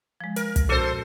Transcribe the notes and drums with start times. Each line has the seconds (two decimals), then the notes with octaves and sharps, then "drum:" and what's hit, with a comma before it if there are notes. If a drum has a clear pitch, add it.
0.20 F3 G#3
0.36 A#4, drum: hi-hat
0.56 drum: kick, hi-hat
0.69 A#2 C#4 F#4 A4 C5